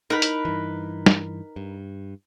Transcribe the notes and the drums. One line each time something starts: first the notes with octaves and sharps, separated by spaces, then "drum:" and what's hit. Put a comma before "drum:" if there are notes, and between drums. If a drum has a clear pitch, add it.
D#4 A#4 B4
drum: hi-hat
G2 E3
drum: snare
G2